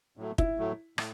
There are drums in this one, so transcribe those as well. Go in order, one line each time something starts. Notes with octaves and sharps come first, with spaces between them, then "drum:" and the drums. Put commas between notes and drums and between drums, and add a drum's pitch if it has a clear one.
A2 F#3 A3
E4, drum: kick
A2 F#3 A3
A2, drum: rim click